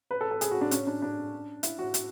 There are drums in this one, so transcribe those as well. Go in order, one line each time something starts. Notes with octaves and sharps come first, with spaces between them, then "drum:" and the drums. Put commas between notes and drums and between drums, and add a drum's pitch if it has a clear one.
B4
A4
A4
G#4, drum: hi-hat
F#4
D4
C#4, drum: hi-hat
D4
D4
E4, drum: hi-hat
F#4
drum: hi-hat